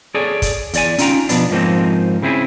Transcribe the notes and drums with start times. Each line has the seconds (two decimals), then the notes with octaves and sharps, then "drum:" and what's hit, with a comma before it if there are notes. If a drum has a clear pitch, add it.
0.15 G#4 A4 C#5 D5 G#5
0.42 drum: kick, hi-hat
0.74 E2 D5 G#5, drum: hi-hat
0.98 C#4 D#4 F4 G5 A#5, drum: hi-hat
1.29 B2 D#3 F3 B3 D4, drum: hi-hat
1.51 G#2 F3 A#3 C4 D#4
2.22 C#3 C4 E4 G#4